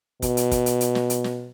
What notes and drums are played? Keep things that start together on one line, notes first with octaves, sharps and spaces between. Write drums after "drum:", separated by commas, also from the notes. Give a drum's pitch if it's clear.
B2, drum: kick, hi-hat
drum: hi-hat
drum: kick, hi-hat
drum: hi-hat
drum: hi-hat
drum: snare
drum: hi-hat
drum: snare